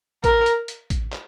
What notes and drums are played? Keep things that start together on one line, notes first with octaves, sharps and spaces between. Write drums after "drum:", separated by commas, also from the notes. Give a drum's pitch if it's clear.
A#4, drum: kick A1, hi-hat
drum: hi-hat
drum: hi-hat
drum: kick A1, hi-hat
drum: clap